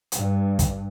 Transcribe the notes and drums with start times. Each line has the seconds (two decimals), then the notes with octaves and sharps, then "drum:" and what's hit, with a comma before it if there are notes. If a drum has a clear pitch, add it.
0.12 G2, drum: hi-hat
0.59 drum: kick, hi-hat